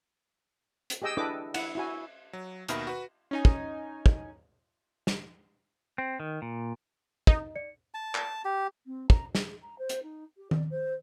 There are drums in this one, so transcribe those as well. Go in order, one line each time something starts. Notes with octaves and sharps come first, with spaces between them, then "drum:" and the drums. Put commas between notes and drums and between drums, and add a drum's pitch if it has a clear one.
drum: hi-hat
G4 G#4 D#5 G5 E6
D4 E4 A4 B4 D#5 D6
E4 F#5, drum: cymbal
E4 F#4 G#5
F#3
D#2 B2 D#3 A#4 E5 B5, drum: hi-hat
F#4 B4
C#4 D#4 G#5
drum: kick
drum: kick
drum: snare
C4
D#3
A#2
D#4 D#5, drum: kick
D5 C#7
A5
drum: clap
G4
C4
A#5, drum: kick
G#4, drum: snare
A#5
C5
drum: hi-hat
D#4
G4
D5, drum: tom D#3
C5